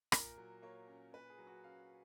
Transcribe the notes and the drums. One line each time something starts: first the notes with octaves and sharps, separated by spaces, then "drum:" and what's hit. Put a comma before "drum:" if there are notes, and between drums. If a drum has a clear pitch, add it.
A#2 A#4, drum: rim click
F#3
A#3 C#5
C#4
A#2 B4
G#4
F#3
F#4
C#4 F5